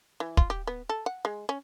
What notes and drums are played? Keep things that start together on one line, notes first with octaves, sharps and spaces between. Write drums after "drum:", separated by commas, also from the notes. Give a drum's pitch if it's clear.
E3
F4, drum: kick
G4
B3
A4
F#5
G#3
C#4